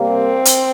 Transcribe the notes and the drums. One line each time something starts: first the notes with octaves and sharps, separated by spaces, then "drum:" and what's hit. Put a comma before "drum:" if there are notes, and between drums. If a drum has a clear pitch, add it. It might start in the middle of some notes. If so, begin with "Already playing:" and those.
Already playing: C3 G3 A#3
C4
drum: hi-hat